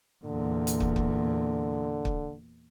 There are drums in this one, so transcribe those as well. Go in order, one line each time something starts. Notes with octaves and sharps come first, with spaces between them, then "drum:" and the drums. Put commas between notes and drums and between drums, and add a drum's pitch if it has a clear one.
E2 A#2 D3
drum: hi-hat
drum: kick
drum: kick
drum: kick